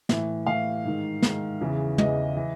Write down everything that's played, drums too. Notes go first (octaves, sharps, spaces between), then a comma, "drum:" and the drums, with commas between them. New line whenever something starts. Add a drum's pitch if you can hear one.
A2 E3, drum: snare
A2 E3 F5
G#2 D#3
G#2 D#3, drum: snare
E2 C#3 E3
E2 C#3 E3 D#5, drum: tom
E3